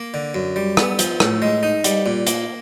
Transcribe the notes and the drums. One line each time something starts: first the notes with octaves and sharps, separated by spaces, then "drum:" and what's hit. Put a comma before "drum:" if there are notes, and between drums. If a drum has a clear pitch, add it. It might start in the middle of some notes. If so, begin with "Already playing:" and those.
Already playing: A#3
D3
F#2
G3
B3, drum: rim click
F3, drum: hi-hat
A2, drum: rim click
G#3
D#4
G3, drum: hi-hat
A#2
A#3, drum: hi-hat